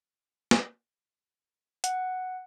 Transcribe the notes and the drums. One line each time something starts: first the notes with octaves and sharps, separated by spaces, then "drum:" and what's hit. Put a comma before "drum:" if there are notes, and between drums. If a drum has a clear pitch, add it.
drum: snare
F#5, drum: hi-hat